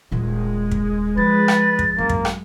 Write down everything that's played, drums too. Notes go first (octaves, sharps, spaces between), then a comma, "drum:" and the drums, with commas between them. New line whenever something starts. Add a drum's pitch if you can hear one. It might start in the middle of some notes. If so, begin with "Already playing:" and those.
D#1 A#2 G#3
drum: kick
F3 B4 A6
drum: rim click
drum: kick
F#2 A#3
drum: kick
drum: rim click